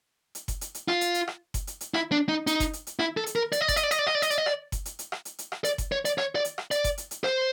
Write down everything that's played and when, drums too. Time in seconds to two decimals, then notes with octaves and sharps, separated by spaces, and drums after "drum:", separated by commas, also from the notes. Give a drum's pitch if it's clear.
0.35 drum: hi-hat
0.48 drum: kick F#1, hi-hat
0.61 drum: hi-hat
0.75 drum: hi-hat
0.88 F4, drum: rim click
1.01 drum: hi-hat
1.14 drum: hi-hat
1.28 drum: rim click
1.54 drum: kick F#1, hi-hat
1.67 drum: hi-hat
1.81 drum: hi-hat
1.94 E4, drum: rim click
2.12 D4
2.29 D#4
2.47 D#4, drum: hi-hat
2.60 drum: kick F#1, hi-hat
2.73 drum: hi-hat
2.87 drum: hi-hat
2.99 E4, drum: rim click
3.17 A4
3.26 drum: hi-hat
3.36 A#4
3.52 D5, drum: hi-hat
3.61 D#5
3.68 D5, drum: kick F#1, hi-hat
3.76 D#5, drum: hi-hat
3.83 D5
3.91 D#5, drum: hi-hat
3.99 D5
4.07 D#5, drum: rim click
4.15 D5
4.22 D#5, drum: hi-hat
4.30 D5, drum: hi-hat
4.38 D#5
4.46 D5, drum: rim click
4.72 drum: kick F#1, hi-hat
4.85 drum: hi-hat
4.99 drum: hi-hat
5.12 drum: rim click
5.25 drum: hi-hat
5.38 drum: hi-hat
5.52 drum: rim click
5.64 D5, drum: hi-hat
5.78 drum: kick F#1, hi-hat
5.92 C#5
6.05 D5, drum: hi-hat
6.18 C#5, drum: rim click
6.35 D5
6.45 drum: hi-hat
6.58 drum: rim click
6.71 D5, drum: hi-hat
6.84 drum: kick F#1, hi-hat
6.98 drum: hi-hat
7.11 drum: hi-hat
7.24 C5, drum: rim click